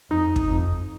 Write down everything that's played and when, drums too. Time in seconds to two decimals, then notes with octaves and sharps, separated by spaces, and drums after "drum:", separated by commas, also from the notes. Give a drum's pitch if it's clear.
0.10 F2 D#4
0.36 drum: kick
0.48 F2